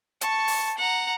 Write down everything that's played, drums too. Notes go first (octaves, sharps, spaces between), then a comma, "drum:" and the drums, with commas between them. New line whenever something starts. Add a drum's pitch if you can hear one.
A5 C#6, drum: hi-hat
drum: open hi-hat
F#5 A#5